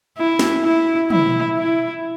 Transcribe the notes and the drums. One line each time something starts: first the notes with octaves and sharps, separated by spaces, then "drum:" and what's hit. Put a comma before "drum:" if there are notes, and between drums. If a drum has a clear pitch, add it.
E4
drum: snare
E4
E4, drum: tom
E4